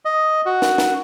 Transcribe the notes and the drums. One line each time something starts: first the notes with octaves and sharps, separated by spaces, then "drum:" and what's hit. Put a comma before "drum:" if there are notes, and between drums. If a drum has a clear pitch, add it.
D#5
F#4
drum: snare
drum: snare